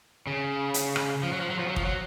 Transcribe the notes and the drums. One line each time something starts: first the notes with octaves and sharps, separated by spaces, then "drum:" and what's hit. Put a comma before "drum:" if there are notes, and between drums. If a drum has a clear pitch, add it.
C#3
drum: hi-hat
drum: rim click
F3
F#3
F3
F#3
F3
F#3
F3, drum: kick
F#3